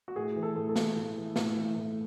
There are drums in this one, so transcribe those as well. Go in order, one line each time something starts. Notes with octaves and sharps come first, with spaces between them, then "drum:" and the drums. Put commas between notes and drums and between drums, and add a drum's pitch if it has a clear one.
F#4
A2 G#4
E3
A4
A2
A4
E3, drum: snare
A2
E3
A2, drum: snare
E3
A2